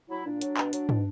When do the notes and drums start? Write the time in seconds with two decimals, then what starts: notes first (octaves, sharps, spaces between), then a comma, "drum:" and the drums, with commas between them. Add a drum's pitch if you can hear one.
0.10 F#3 E4
0.26 A#2 D4
0.41 F#3, drum: hi-hat
0.57 B2, drum: clap
0.73 F#3, drum: hi-hat
0.89 B2, drum: tom